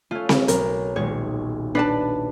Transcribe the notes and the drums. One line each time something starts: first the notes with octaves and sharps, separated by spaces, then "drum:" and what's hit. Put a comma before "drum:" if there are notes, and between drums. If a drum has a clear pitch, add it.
A3 C#4 F4
drum: snare C4
B1 A#4, drum: hi-hat
D#1 G#3 C#5
D4 B4 D5 A5